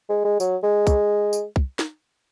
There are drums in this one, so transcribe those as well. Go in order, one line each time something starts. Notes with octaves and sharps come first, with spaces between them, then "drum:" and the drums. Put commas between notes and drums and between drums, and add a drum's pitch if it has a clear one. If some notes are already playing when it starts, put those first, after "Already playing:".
G#3
G#3
F#3, drum: tambourine
G#3
drum: kick, tambourine
drum: tambourine
drum: kick
drum: snare